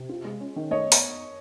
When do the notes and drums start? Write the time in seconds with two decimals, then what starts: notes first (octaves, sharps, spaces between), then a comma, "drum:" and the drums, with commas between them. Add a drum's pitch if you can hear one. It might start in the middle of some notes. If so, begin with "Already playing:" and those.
Already playing: C3
0.09 F4
0.25 G#3
0.40 C#4
0.56 D#3
0.71 A3 C#5 D#5
0.92 drum: open hi-hat